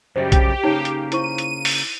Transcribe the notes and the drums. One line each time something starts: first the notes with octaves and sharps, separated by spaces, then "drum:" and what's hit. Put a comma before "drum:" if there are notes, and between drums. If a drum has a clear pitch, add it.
F#2 C#3 G3 G4 C5 D#5 E5
drum: kick B1, hi-hat
C#3 A#3 D#4 C#5
drum: hi-hat
E4 C5 C#6 D#7, drum: hi-hat
drum: hi-hat
drum: open hi-hat